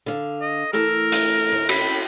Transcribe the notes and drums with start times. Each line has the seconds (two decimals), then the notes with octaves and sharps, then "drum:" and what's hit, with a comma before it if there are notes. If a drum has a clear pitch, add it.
0.06 D3 F5
0.41 D#5
0.73 E3 A3 A4 A#4
1.12 drum: hi-hat
1.52 D#2
1.69 B5, drum: cymbal